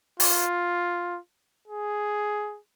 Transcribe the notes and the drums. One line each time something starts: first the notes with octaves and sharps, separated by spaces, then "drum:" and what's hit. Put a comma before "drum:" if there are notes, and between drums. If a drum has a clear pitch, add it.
F4, drum: open hi-hat
G#4